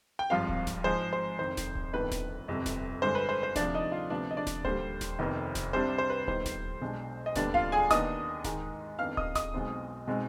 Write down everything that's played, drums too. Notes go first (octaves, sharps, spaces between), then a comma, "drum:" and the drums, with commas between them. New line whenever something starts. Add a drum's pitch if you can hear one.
G5
G#1 G2 F3 C4 F4 F5
drum: kick D1
drum: snare D#1
G#2 F3 G#3 C5
C5
F1 F2 D#3 C5
drum: snare D#1
drum: kick D1
G1 F2 D#3 B3 D4 B4
drum: snare D#1
G1 F2 C3
drum: snare D#1
G2 D3 G#3 C5
B4
C5
C5
D2 C3 F3 D4 D5, drum: snare D#1
D#4 D#5
F4 F5
D2 C3 F3 B3 D4 D5
D#5
D4 D5
drum: snare D#1
D#2 D3 G3 C5, drum: kick D1
drum: snare D#1
F1 F2 C3 D#3 B3
drum: snare D#1
C2 C3 G3 D4 C5
C5
B4
F2 D#3 G3 B3 D#4 C5, drum: kick D1
drum: snare D#1
B1 B2 G#3 D4
D#5
F1 D#2 D3 G3 B3 D4 D5, drum: snare D#1
F4 F5, drum: kick D1
G#4 G#5
D#2 D#3 B3 D4 D#5 D#6, drum: snare D#1
G#2 D#3 G#3, drum: snare D#1
F2 D#3 B3 D4 F5 F6
D#5 D#6, drum: kick D1
D#5 D#6, drum: snare D#1
B1 B2 G#3 C4 D#4
B2 G#3 C4 D#4